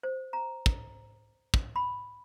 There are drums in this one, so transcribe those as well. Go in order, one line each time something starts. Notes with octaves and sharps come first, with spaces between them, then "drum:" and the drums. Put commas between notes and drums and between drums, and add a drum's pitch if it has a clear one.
C5
A#5
drum: kick
drum: kick
B5